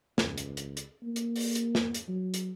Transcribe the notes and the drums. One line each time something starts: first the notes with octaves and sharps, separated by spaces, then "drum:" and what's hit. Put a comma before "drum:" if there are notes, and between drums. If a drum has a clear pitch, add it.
C#2, drum: snare
drum: hi-hat
drum: hi-hat
drum: hi-hat
A#3
drum: hi-hat
drum: open hi-hat
drum: hi-hat
drum: snare
drum: hi-hat
F#3
drum: hi-hat